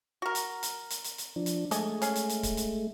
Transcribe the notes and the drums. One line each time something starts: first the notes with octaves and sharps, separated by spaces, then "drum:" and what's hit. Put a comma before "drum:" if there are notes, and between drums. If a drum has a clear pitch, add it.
F#4 A#4
drum: hi-hat
drum: hi-hat
drum: hi-hat
drum: hi-hat
drum: hi-hat
F3 D4
drum: hi-hat
G#3 A3 A4 D#5 G#5, drum: hi-hat
C#4 G#4, drum: hi-hat
drum: hi-hat
drum: hi-hat
drum: kick, hi-hat
drum: hi-hat